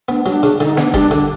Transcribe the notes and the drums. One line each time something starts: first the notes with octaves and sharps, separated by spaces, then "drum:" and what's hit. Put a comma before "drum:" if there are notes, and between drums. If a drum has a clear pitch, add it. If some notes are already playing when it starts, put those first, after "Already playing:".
B3 D4
F#3 D4, drum: hi-hat
C#3, drum: hi-hat
D3 D#4, drum: hi-hat
B3 D4, drum: snare
G3 D4, drum: kick, hi-hat
D3 D4, drum: hi-hat